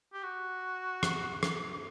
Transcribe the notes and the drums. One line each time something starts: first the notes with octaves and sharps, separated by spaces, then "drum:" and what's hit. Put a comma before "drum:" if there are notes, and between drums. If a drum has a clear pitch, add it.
G4
F#4
drum: rim click
drum: rim click